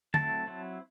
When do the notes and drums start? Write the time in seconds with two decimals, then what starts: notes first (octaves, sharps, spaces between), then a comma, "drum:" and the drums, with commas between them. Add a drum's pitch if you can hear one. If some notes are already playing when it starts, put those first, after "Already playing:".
0.14 F#3 A3 C4 E4 A5, drum: tom D3
0.47 F#3 C4 E4